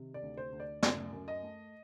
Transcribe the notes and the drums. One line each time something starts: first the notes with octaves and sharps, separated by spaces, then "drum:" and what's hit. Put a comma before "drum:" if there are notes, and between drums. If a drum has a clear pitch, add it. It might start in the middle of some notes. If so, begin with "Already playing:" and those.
Already playing: C3 D#3
D5
D2
C5
D2
D5
F#2 D5, drum: snare
F#2
D#5
A3